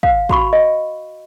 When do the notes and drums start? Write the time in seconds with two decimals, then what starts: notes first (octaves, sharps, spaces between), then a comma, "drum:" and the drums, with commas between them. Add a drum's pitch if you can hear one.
0.03 F5, drum: kick
0.29 F#4 B5 C#6, drum: kick
0.53 D#5